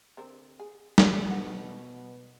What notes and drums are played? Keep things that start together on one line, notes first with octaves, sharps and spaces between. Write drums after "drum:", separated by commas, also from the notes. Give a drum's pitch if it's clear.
D3 C4 A#4
G#4
G2 E3 A3, drum: snare
B2 F#5